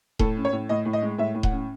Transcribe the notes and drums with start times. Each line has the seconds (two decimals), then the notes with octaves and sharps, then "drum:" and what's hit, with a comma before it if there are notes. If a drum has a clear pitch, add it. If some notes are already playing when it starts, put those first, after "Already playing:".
0.19 A2 A4, drum: kick D#1
0.37 C#4
0.45 C#5
0.53 A2
0.69 A2 D#5
0.85 A2
0.93 D#5
1.02 G#3
1.18 A2 E5
1.35 A2
1.43 F#5, drum: kick D#1
1.52 C#4